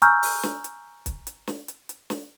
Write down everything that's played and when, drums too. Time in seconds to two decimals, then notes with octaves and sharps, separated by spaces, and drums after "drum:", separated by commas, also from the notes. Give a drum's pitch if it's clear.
0.02 G#5 A#5 C#6 E6 F6 G6, drum: hi-hat
0.23 drum: open hi-hat
0.43 drum: snare
0.64 drum: hi-hat
1.06 drum: kick, hi-hat
1.27 drum: hi-hat
1.47 drum: snare
1.68 drum: hi-hat
1.89 drum: hi-hat
2.10 drum: snare